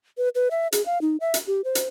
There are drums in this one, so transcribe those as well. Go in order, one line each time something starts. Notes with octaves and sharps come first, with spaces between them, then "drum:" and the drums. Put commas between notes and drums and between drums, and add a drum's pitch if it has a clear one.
B4
B4
E5
G#4, drum: hi-hat
F5
D#4
E5
drum: hi-hat
G4
C5
drum: hi-hat